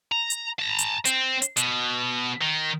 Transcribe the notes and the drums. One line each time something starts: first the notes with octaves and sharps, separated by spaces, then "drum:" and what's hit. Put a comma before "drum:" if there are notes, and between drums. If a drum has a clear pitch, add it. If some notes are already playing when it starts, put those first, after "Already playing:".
A#5
drum: hi-hat
A5 A#5
drum: hi-hat
C4, drum: hi-hat
drum: hi-hat
B2, drum: hi-hat
D#3